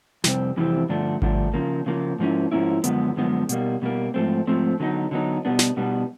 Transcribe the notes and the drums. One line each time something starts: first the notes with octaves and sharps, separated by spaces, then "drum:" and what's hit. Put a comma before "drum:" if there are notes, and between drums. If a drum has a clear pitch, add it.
F2 C3 G3 C4, drum: snare
F2 C3 E3 G3 C4
G2 D3 F3 A3 D4
G2 D3 F3 A3 D4, drum: kick G#1
C#3 F3 A#3
C#3 F3 A#3
G#2 F3 A#3 C#4 E4
G#2 F3 A#3 C#4 E4
F#2 D3 F3 G#3 B3, drum: hi-hat
F#2 D3 F3 G#3 B3
B2 G3 A#3, drum: hi-hat
B2 G3 A#3
G#2 F3 A3 C4
G#2 F3 A3 C4
D3 F#3 B3 D#4
D3 F#3 B3 D#4
B2 G3 B3 D4
drum: snare
B2 G3 B3 D4